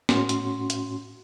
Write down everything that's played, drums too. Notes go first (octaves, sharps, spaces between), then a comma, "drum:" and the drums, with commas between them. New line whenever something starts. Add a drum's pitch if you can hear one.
A2 C#4 F#4 C6, drum: snare
drum: hi-hat
drum: hi-hat